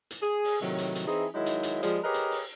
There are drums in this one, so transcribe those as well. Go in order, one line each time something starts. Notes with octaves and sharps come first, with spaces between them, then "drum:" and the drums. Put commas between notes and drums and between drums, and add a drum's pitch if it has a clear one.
drum: hi-hat
G#4
drum: open hi-hat
A2 C3 D#3 F#3, drum: open hi-hat
drum: hi-hat
drum: hi-hat
E3 C4 D#4 E4 G#4
D#3 F#3 G#3 D#4 E4
drum: hi-hat
drum: hi-hat
F3 G3 G#3, drum: hi-hat
G4 G#4 A#4 B4 C#5 D#5
drum: hi-hat
drum: open hi-hat